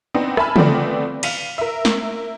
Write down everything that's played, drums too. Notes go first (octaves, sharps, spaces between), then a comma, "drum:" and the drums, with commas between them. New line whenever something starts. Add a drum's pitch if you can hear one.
B3 C4 D4 D#4
E5 G#5 A5 B5 F6, drum: rim click
F3 A3 B3 C4 D5, drum: tom
F5 B6 D#7, drum: cymbal
A#4 E5
drum: snare